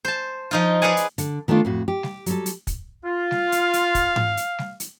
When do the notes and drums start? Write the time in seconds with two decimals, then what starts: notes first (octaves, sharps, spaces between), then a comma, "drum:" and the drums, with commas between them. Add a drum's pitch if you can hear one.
0.05 C5 A5
0.51 F3 D#4 F4
0.82 G#4 B4 D5 F5 F#5 G#5
0.97 drum: hi-hat
1.18 D3, drum: hi-hat
1.48 D#3 A3 B3 D4 F4
1.65 F2 A2 F#4
1.88 G4
2.03 drum: snare
2.26 F#3 G3 A4, drum: hi-hat
2.46 drum: hi-hat
2.67 drum: kick, hi-hat
3.05 F4 F5
3.31 drum: snare
3.52 drum: hi-hat
3.73 drum: hi-hat
3.95 drum: kick, hi-hat
4.16 drum: tom G#2
4.37 drum: hi-hat
4.59 drum: snare
4.80 drum: hi-hat